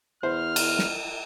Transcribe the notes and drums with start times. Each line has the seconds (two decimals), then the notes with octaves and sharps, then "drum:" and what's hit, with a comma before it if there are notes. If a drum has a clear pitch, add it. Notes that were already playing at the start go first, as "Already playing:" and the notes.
0.23 E2 C5 F6
0.56 drum: cymbal
0.79 drum: snare